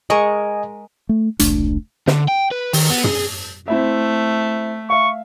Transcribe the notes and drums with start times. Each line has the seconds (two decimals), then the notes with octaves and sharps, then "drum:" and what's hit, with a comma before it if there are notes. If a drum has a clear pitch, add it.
0.10 G#3 A#4 D#5 G#5 C#6
1.09 A3
1.39 E1 C2 A3 D4, drum: hi-hat
2.07 D3, drum: snare
2.28 G5
2.51 B4
2.73 D#3, drum: open hi-hat
2.90 B3
3.04 G#4, drum: tom
3.68 A3 C4 E4 E5
4.90 E5 F5 C#6